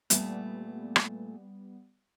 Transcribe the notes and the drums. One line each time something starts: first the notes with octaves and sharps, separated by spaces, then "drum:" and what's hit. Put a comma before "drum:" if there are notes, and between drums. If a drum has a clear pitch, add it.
A#2 G3 A3 B3, drum: hi-hat
drum: rim click